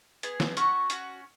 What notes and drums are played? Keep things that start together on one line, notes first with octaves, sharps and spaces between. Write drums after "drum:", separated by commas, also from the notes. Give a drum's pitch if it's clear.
B3 G#4, drum: hi-hat
drum: snare
C#4 F#4 C#6, drum: hi-hat
C#4 F#4, drum: hi-hat